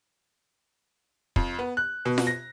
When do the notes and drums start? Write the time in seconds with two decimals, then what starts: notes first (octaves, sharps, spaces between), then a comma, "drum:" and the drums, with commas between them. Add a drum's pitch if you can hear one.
1.36 F2, drum: kick
1.59 B3
1.77 F#6
2.05 B2
2.18 drum: snare F4
2.27 A#6